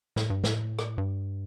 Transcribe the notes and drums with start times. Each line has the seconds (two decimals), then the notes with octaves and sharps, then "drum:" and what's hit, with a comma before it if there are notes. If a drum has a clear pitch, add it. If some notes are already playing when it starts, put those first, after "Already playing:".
0.16 A2, drum: snare
0.30 G2
0.44 A2, drum: snare
0.79 drum: rim click
0.98 G2